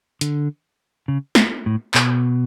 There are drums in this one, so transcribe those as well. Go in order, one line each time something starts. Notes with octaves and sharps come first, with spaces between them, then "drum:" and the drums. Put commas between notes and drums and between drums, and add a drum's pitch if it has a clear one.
D3, drum: hi-hat
C#3
drum: snare
A2
B2, drum: clap